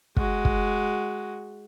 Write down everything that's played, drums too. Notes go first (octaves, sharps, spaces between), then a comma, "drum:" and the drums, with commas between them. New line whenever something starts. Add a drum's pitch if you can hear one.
G#3 F#4, drum: kick
drum: kick